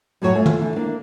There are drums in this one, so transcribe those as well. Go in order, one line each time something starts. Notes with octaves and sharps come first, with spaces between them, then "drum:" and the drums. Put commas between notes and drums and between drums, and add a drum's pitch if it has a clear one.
F#2 A2 F#3 G3 F#4 C#5
A3 F4 G#5
drum: tom
D3 E3
A#3 D4